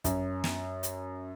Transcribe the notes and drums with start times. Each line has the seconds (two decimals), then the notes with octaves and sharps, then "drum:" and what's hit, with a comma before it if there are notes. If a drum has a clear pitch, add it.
0.04 F#2, drum: kick, hi-hat
0.44 drum: snare
0.83 drum: hi-hat